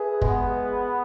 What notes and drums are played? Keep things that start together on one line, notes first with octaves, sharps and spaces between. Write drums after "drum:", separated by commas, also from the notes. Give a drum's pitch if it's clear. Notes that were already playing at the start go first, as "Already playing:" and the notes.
Already playing: G#4 B4 E5
G#3 B3, drum: kick